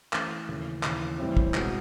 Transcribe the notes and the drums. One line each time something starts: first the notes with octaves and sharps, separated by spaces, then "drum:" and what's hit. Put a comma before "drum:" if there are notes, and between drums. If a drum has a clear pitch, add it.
E3 A3 C#4, drum: clap
D#2 C#3 E3 A3 C#4
D#2 C#3 E3, drum: clap
A2 E3 G3 C4 E4
drum: kick
B2 G#3, drum: clap